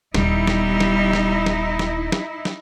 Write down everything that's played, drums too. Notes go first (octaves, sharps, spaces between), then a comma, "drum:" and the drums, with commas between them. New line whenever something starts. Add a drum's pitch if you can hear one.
D#1 G3 B3 D#4 E4, drum: snare
drum: snare
drum: snare
drum: snare
drum: snare
drum: snare
drum: snare
drum: snare